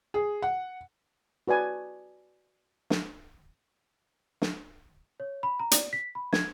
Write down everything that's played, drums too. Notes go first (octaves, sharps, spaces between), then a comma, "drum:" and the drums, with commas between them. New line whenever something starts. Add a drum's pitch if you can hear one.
G#4
F#5
F#4 B4 D5 G#5
drum: snare
drum: snare
C#5
B5
A#5
D5, drum: hi-hat
B6
B5
G#6, drum: snare